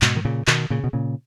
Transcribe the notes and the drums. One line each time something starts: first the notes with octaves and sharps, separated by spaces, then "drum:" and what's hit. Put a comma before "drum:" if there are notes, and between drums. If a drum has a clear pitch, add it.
G#2 B2, drum: clap
D#3
A#2 C#3
B2 D#3, drum: clap
A#2 C#3
B2
A#2 C#3